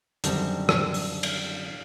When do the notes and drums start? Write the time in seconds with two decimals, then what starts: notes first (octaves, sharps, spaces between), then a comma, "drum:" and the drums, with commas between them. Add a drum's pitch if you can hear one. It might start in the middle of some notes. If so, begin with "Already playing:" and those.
0.24 F#2 D3 D#3 G3 C4, drum: hi-hat
0.69 drum: rim click
0.94 drum: open hi-hat
1.23 drum: cymbal